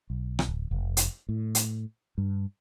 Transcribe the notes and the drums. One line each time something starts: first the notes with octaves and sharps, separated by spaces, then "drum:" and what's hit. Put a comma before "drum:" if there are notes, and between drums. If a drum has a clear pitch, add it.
B1
drum: rim click
D1
F1
drum: hi-hat
A2
drum: hi-hat
G2